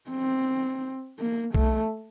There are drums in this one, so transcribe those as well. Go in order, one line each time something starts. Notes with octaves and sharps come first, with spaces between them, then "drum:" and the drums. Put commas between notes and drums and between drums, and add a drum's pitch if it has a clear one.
C4
A#3
A3, drum: kick B1